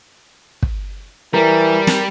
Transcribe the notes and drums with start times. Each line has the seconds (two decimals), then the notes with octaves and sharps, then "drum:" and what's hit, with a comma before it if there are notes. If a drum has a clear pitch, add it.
0.62 drum: kick
1.34 E3 G3 A#4
1.87 drum: snare